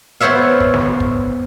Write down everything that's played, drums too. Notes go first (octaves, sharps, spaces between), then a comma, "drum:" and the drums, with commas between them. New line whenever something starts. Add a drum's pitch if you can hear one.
B3 C5 C#5 E5 F5
drum: kick
drum: snare
drum: kick